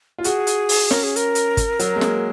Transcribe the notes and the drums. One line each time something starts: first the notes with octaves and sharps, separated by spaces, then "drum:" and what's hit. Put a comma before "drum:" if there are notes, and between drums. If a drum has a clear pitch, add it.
F4
F#4 G#4, drum: hi-hat
drum: hi-hat
drum: open hi-hat
C#4 A#4, drum: snare
G#4
A#4, drum: hi-hat
drum: hi-hat
drum: kick, hi-hat
F#3, drum: hi-hat
G#3
A#3, drum: snare